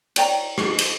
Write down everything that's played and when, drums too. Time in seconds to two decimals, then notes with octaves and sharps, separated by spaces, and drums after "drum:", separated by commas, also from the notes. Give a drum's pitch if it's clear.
0.16 C#5 D5 G5 A#5, drum: cymbal
0.58 drum: rim click
0.79 drum: cymbal